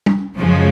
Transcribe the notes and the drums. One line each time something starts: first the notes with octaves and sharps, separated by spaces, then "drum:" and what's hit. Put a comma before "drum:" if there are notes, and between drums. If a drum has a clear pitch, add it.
drum: tom
F#2 C#3 F3 G#3